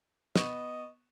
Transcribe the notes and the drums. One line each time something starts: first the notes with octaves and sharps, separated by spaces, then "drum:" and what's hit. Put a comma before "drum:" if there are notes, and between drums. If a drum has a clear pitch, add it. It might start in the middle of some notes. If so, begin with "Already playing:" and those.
B3 D#5 C#6 E7, drum: snare